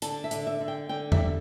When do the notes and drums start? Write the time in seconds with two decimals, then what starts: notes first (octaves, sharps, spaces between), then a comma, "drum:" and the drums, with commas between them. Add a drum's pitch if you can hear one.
0.02 D3 A5, drum: hi-hat
0.24 E5
0.31 D3, drum: hi-hat
0.47 E5
0.60 D3
0.68 G5
0.89 D3 G5
1.12 E5, drum: tom E2
1.19 G3